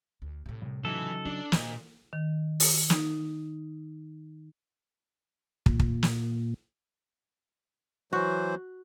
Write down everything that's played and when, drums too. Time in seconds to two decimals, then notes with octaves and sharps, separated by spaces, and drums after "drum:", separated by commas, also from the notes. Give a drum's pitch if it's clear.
0.22 D2
0.46 A2 C3
0.62 C2 F2
0.85 C#3 E3 F#3 D#4 A4
1.26 C#4 D4 E4
1.52 A#2 D#3 D4 A#4 C5 D#5, drum: snare
2.13 D#3
2.60 drum: open hi-hat
2.90 D#4, drum: snare
5.66 A#2, drum: kick
5.80 drum: kick
6.03 drum: snare
8.13 E3 F#3 F#4 C5